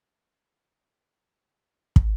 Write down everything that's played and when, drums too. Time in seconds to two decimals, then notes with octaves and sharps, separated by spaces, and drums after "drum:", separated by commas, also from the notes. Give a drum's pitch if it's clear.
0.04 A#4 E5 G5 B5 A6
1.96 drum: kick